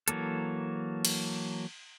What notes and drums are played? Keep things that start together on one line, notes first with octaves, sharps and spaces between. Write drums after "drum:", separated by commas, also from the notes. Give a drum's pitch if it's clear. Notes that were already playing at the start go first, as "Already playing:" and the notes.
E3 F#3 A#3 A4, drum: hi-hat
drum: cymbal